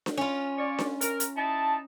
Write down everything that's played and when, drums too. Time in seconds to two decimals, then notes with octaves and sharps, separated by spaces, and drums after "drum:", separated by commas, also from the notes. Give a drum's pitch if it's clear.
0.06 drum: snare D4
0.17 C#4 F4
0.58 C#5 D5
0.79 drum: snare D4
1.01 A#4, drum: hi-hat
1.20 drum: hi-hat
1.37 D#4 E4 A5